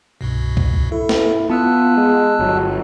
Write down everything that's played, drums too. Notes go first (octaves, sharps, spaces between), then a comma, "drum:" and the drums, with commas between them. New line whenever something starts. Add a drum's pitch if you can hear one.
C2 G2 B2
drum: kick C2
E4 A4
drum: snare
B3 F4 A5 E6 F#6
G#3
G1 F#3